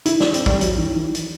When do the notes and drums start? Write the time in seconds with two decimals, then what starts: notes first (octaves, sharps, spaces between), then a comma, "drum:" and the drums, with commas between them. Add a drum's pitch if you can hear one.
0.06 E4, drum: hi-hat
0.20 D4, drum: snare
0.34 C4, drum: hi-hat
0.46 G3, drum: kick
0.61 F#3, drum: hi-hat
0.78 E3
0.96 E3
1.15 drum: hi-hat